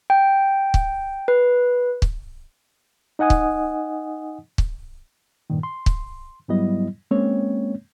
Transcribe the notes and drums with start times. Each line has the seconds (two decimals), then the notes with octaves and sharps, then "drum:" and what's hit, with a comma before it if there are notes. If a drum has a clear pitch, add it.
0.10 G5
0.74 drum: kick
1.28 B4
2.02 drum: kick
3.19 D#4 D#5 F#5 G#5 D#6
3.30 drum: kick
4.58 drum: kick
5.50 G2 A#2 D#3
5.63 C6
5.86 drum: kick
6.48 G#2 F#3 G3 B3 E4 D#5
7.11 G#3 A#3 C4 C#4 C#5